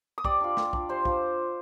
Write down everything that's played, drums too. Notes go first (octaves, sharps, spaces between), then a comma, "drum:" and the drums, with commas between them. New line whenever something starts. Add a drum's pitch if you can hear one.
D#6
G3 D5 D6, drum: kick
D4 F4
G3, drum: snare
D4 F4, drum: kick
G3 C5 C6
D4 F4, drum: kick